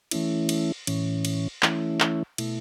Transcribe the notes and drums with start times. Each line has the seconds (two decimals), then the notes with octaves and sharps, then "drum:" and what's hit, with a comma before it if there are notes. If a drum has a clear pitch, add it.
0.11 E3 A3 C#4 E4, drum: cymbal
0.49 drum: cymbal
0.87 A2 E3 C#4, drum: cymbal
1.25 drum: cymbal
1.63 E3 A3 C#4 E4, drum: clap
2.00 drum: clap
2.38 B2 A3 E4, drum: cymbal